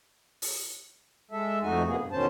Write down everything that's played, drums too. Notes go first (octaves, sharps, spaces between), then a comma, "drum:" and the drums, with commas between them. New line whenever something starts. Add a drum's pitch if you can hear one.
drum: open hi-hat
G#3 A4 E5
F2 A3 D#4 F#4 G#5
C3 A#3 B3 G#4
G2
E2 B2 D#3 C#4 C5 A5